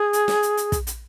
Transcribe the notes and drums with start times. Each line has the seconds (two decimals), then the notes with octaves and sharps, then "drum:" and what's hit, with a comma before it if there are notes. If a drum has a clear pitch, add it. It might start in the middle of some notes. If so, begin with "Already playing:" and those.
Already playing: G#4
0.13 drum: hi-hat
0.28 drum: snare
0.43 drum: hi-hat
0.57 drum: hi-hat
0.72 drum: kick, hi-hat
0.87 drum: hi-hat